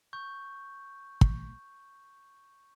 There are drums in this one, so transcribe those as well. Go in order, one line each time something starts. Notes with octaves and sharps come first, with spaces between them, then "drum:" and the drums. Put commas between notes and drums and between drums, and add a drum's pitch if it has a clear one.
C#6 G6
drum: kick